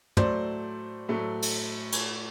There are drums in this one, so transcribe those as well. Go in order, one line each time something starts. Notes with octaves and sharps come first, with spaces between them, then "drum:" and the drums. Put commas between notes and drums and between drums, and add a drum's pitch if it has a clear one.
A2 F#3 A3 C5 D5, drum: tom
A2 F#3 A3
drum: cymbal
drum: cymbal